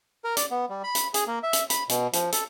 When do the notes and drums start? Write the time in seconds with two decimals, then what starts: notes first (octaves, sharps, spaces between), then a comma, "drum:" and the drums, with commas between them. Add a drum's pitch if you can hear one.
0.24 A#4
0.37 D5, drum: hi-hat
0.51 B3
0.70 G3
0.84 B5
0.95 drum: hi-hat
1.14 G#4, drum: hi-hat
1.27 A#3
1.43 E5
1.53 drum: hi-hat
1.70 B5, drum: hi-hat
1.89 B2, drum: hi-hat
2.13 F3, drum: hi-hat
2.32 A4, drum: hi-hat